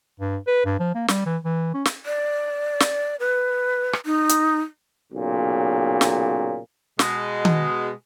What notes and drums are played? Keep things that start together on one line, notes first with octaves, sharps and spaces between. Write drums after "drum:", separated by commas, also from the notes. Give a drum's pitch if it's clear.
G2
B4
G2
F3
A#3
G3, drum: snare
E3
E3
C#4
drum: snare
D5
drum: snare
B4
drum: rim click
D#4
drum: hi-hat
B1 A#2 C#3
drum: snare
B2 G#3, drum: snare
drum: tom D#3